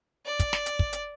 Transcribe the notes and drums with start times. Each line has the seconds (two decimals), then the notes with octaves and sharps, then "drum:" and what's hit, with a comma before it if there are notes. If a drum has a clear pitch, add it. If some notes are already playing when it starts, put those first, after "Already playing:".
0.26 D5
0.39 drum: kick, hi-hat
0.53 drum: snare
0.66 drum: hi-hat
0.79 drum: kick
0.93 drum: hi-hat